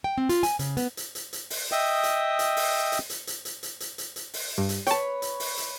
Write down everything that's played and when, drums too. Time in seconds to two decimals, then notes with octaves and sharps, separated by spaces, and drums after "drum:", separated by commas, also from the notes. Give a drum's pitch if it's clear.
0.04 G5
0.18 C4
0.29 F4, drum: hi-hat
0.43 G#5, drum: hi-hat
0.59 C#3, drum: hi-hat
0.77 B3, drum: hi-hat
0.97 drum: hi-hat
1.15 drum: hi-hat
1.33 drum: hi-hat
1.50 drum: open hi-hat
1.72 D#5 E5 G5 D#6
2.03 drum: hi-hat
2.39 drum: hi-hat
2.57 drum: open hi-hat
2.92 drum: hi-hat
3.10 drum: hi-hat
3.27 drum: hi-hat
3.45 drum: hi-hat
3.63 drum: hi-hat
3.80 drum: hi-hat
3.98 drum: hi-hat
4.16 drum: hi-hat
4.34 drum: open hi-hat
4.58 G2
4.69 drum: hi-hat
4.87 B4 C#5 G5 A5, drum: hi-hat
5.22 drum: hi-hat
5.40 drum: open hi-hat
5.57 drum: hi-hat